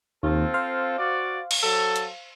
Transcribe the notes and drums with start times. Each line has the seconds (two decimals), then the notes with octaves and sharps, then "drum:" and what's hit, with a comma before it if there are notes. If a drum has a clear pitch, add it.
0.23 D#2 C4 F4 A4
0.54 C5 F5
0.97 F#4 D5
1.51 drum: cymbal
1.62 F#3 A4
1.96 drum: hi-hat